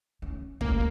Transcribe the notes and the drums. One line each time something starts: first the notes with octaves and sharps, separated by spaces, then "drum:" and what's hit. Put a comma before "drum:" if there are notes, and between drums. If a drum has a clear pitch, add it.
C#4
C#2 A#3, drum: kick